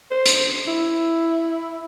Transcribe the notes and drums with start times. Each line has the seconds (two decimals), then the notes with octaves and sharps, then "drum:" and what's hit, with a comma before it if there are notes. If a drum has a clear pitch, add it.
0.11 C5
0.26 drum: hi-hat
0.68 E4